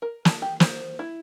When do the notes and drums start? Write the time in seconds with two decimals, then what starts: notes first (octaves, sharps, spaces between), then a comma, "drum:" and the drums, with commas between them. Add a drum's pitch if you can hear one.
0.02 A#4
0.25 A5, drum: snare
0.42 G4
0.60 C5, drum: snare
0.99 E4